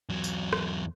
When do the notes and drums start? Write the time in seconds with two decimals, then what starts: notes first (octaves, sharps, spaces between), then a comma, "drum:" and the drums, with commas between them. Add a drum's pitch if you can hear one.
0.09 E2 F#3
0.24 drum: tambourine
0.53 drum: rim click